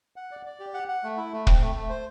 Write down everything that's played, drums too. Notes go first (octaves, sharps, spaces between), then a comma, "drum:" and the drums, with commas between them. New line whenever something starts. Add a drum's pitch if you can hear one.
F#5
D5
D5
G4
F#5
F#5
A3
E4
A3
C4, drum: kick
A3
A3
C5